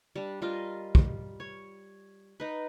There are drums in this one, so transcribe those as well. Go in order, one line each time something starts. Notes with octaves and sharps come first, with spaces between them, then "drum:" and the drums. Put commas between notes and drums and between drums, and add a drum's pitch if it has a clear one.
G3 D4
G3 F4 A#4 D#5
drum: kick
C#5
D#4 B4